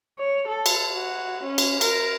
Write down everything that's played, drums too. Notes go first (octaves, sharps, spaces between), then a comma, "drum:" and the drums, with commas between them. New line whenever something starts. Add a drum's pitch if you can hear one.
C#5
A4
drum: cymbal
F#4
C#4
drum: cymbal
A#4, drum: cymbal